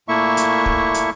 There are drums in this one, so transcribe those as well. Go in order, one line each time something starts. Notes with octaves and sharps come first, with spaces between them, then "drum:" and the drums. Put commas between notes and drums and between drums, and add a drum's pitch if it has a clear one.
A#2 A3 A#3 E4 E5 C#6
drum: hi-hat
drum: kick
drum: hi-hat